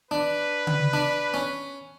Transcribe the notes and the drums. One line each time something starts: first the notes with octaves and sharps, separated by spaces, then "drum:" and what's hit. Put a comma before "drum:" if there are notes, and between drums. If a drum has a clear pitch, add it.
D4 B4
drum: tom C#3
D4
C#4